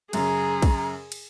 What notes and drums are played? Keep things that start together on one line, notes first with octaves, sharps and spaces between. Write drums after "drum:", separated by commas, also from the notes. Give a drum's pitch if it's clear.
F#2 C#3 G#4 A#5, drum: cymbal
drum: kick, cymbal
drum: cymbal